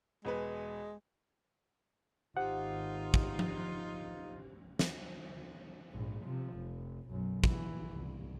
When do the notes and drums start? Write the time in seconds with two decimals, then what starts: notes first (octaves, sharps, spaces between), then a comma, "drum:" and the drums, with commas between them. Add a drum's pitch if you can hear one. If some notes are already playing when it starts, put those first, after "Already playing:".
0.25 E1 G#3 B3 B4
2.37 G#1 D#4 F4 G4 C5 F#5
3.14 drum: kick
3.39 drum: tom F3
4.79 drum: snare
5.92 A#1 G#2
6.25 C3 F3
6.54 F1
7.09 B1 F#2
7.44 E3, drum: kick
7.92 C2